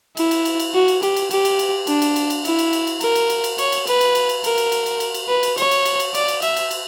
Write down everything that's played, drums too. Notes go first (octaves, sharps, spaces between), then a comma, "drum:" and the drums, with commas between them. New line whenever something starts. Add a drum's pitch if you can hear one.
E4, drum: cymbal
drum: cymbal
drum: cymbal
drum: cymbal
F#4
drum: cymbal
G4, drum: cymbal
drum: cymbal
G4, drum: cymbal
drum: cymbal
drum: cymbal
D4, drum: cymbal
drum: cymbal
drum: cymbal
drum: cymbal
E4, drum: cymbal
drum: cymbal
drum: cymbal
drum: cymbal
A#4, drum: cymbal
drum: cymbal
drum: cymbal
drum: cymbal
C#5, drum: cymbal
drum: cymbal
B4, drum: cymbal
drum: cymbal
drum: cymbal
drum: cymbal
A#4, drum: cymbal
drum: cymbal
drum: cymbal
drum: cymbal
drum: cymbal
drum: cymbal
B4
drum: cymbal
C#5, drum: cymbal
drum: cymbal
drum: cymbal
drum: cymbal
D5, drum: cymbal
drum: cymbal
E5, drum: cymbal
drum: cymbal
drum: cymbal